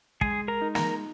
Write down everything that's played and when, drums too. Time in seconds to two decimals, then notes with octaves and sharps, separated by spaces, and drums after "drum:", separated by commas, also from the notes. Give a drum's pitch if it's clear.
0.21 G#3 G#4 G#5, drum: kick
0.48 A#4 A#5
0.62 D#4
0.75 A#4 A#5, drum: snare